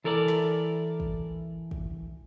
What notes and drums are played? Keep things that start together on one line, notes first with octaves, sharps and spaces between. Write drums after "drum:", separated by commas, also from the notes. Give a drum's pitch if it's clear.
E3 A4 A#4 C#5 D5
drum: snare
drum: kick
drum: kick